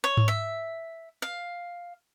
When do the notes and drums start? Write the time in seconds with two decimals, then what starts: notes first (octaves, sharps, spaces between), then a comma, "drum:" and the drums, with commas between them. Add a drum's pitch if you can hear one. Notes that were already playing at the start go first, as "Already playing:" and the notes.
0.04 C#5
0.17 drum: tom G#2
0.28 E5
1.22 F5